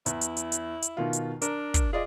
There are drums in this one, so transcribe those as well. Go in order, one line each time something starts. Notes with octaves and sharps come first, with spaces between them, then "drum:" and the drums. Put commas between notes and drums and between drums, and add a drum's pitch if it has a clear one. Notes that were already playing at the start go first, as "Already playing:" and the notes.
E2 E4, drum: hi-hat
drum: hi-hat
drum: hi-hat
drum: hi-hat
drum: hi-hat
B2 D#3 F4
drum: hi-hat
D4 A#4, drum: hi-hat
drum: kick, hi-hat
F4 G#4 D5 D#5